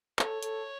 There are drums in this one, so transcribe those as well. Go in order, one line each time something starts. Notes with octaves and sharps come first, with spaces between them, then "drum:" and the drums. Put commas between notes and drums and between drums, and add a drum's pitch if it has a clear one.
A4 C#5, drum: clap
A4, drum: hi-hat